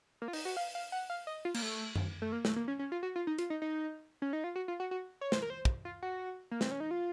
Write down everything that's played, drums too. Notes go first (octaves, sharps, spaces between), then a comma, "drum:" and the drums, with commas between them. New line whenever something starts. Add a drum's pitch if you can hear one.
A#3
F4
D#4, drum: open hi-hat
F#4
F5
F5
F#5
F5
D#5
F4
A#3, drum: cymbal
A3
drum: tom F#2
A3
A#3
A3, drum: snare
A#3
C#4
C#4
F4
F#4
F4
D#4
F4, drum: hi-hat
D#4
D#4
C#4
D#4
F4
F#4
F4
F#4
F#4
C#5
C5, drum: snare
A#4
C5
drum: kick
F4
F#4
A#3
C4, drum: snare
C#4
D#4
F4